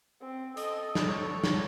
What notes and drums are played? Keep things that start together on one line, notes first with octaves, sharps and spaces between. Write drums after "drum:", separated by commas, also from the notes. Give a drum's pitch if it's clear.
C4
A4 D#5, drum: hi-hat
drum: snare
C#5
drum: snare